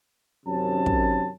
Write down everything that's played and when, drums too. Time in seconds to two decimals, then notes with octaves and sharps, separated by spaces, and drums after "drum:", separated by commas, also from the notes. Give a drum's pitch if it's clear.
0.46 F#2 C3 D#3 C#4 A5
0.86 drum: kick